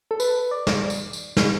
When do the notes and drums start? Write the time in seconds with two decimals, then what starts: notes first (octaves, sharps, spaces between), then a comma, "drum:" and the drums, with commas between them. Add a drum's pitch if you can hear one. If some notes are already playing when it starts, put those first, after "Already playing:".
0.11 A4
0.20 B4, drum: tambourine
0.51 D5
0.67 drum: snare
0.90 drum: tambourine
1.13 drum: tambourine
1.37 drum: snare